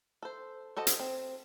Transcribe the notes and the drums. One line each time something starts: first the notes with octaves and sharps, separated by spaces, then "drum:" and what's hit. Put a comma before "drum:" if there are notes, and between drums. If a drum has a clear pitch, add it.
A4 C5
F#4 A4 C5 D#5
drum: hi-hat
C4